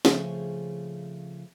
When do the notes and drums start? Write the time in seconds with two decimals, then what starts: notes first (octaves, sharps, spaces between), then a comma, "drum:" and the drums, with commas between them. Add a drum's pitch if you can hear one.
0.05 C#3 F3 A3 C4 G#4, drum: snare